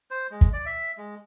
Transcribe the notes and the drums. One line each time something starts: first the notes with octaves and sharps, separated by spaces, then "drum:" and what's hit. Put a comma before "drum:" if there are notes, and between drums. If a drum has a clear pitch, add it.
C5
G#3
drum: kick
D5
E5
G#3